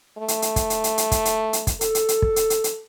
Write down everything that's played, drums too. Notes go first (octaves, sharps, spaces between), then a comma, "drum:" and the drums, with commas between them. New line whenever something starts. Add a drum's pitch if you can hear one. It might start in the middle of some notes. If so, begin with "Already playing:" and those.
A3
drum: hi-hat
drum: hi-hat
drum: kick, hi-hat
drum: hi-hat
drum: hi-hat
drum: hi-hat
drum: kick, hi-hat
drum: hi-hat
drum: hi-hat
drum: kick, hi-hat
A4, drum: hi-hat
drum: hi-hat
drum: hi-hat
drum: kick
drum: hi-hat
drum: hi-hat
drum: hi-hat